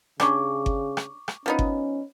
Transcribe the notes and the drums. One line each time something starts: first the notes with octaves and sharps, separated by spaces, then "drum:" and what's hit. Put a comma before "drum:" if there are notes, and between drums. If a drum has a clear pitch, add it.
C#3 G3 C#4 D4 C#6 D6, drum: rim click
drum: kick G1
drum: rim click
drum: rim click
F3 B3 C#4 D#4
drum: kick G1